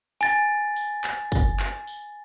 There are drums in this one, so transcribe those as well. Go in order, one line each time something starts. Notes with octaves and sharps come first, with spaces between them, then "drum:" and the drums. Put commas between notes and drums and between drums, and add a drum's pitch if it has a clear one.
G#5 A6, drum: tambourine
drum: tambourine
drum: clap
drum: kick, tambourine
drum: clap
drum: tambourine